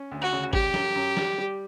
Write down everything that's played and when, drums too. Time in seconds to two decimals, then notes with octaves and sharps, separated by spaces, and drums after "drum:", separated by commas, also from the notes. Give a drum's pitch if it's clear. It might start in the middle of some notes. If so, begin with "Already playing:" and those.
Already playing: C#4
0.11 D2
0.21 F#4
0.32 C#3
0.53 G3 G4, drum: kick
0.74 F#2, drum: snare
0.95 F#2
1.17 G3, drum: snare
1.38 G3